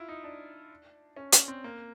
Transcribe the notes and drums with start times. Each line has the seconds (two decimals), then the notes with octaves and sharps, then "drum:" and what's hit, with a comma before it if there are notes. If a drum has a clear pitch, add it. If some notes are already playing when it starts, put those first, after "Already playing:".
Already playing: E4 F4
0.08 D#4
0.24 D4
1.16 C#4
1.32 C#4, drum: hi-hat
1.48 C4
1.64 A#3